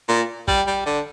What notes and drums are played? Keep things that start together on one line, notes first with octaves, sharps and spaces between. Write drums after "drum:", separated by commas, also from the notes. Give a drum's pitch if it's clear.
A#2
G3, drum: kick
G3
D3